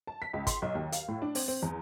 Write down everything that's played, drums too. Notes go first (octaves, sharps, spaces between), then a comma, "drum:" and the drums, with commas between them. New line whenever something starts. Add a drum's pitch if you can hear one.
A5
B6
C#2
C6, drum: kick, hi-hat
B1
D#2
F5, drum: hi-hat
A2
D4
C4, drum: open hi-hat
C4
E2